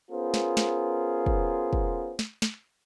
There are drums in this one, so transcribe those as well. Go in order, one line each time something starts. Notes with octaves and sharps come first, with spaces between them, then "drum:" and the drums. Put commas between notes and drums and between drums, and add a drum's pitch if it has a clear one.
B3 C#4 F4 G#4 A#4 C5
drum: snare
drum: snare
drum: kick
drum: kick
drum: snare
drum: snare